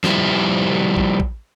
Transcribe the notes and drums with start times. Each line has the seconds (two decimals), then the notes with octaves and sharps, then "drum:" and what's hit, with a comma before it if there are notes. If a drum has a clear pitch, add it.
0.04 F3 G3 E4, drum: snare
0.97 drum: kick
1.20 drum: kick